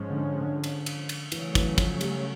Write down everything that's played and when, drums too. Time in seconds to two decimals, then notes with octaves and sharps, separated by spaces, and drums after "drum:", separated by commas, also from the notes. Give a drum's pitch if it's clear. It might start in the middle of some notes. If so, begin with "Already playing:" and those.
Already playing: G#2 F3 G#3 C#4
0.10 D3
0.41 D3
0.64 drum: cymbal
0.86 drum: cymbal
1.09 drum: cymbal
1.32 C#3 E3 F#3 A3 C#4, drum: cymbal
1.55 E3, drum: kick, cymbal
1.78 F3, drum: kick, cymbal
2.01 G3, drum: cymbal